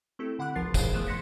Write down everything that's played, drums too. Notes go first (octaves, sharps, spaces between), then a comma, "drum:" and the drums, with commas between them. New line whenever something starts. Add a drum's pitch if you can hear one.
A3 C4 E4 G4 A4
D3 F#5 B5 D6 F#6
G#1 C#2 F3 A#4 A6 C7
G#4 A#4 C5 F5 F#6, drum: kick, tambourine
F3 A3 B3 G#4 F#6 E7
C6 F#6 G#6 A#6 B6 C#7